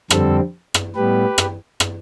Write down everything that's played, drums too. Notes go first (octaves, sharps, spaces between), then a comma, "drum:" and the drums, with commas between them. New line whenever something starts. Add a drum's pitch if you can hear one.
F2 D3 G3 C4 A4, drum: rim click
drum: rim click
A2 G3 B3 G4 B4
drum: rim click
drum: rim click